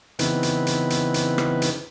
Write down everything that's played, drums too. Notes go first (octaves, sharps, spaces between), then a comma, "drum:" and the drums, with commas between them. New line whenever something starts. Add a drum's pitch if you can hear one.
C#3 E3 B3 C4 D#4 B4, drum: hi-hat
drum: hi-hat
drum: hi-hat
drum: hi-hat
drum: hi-hat
drum: rim click
drum: hi-hat